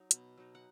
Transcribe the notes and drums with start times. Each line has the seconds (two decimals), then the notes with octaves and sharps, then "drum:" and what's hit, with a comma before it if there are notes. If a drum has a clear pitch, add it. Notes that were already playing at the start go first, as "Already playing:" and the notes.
Already playing: F#3 D#4
0.11 B2, drum: hi-hat
0.37 F#3 D#4
0.55 F#5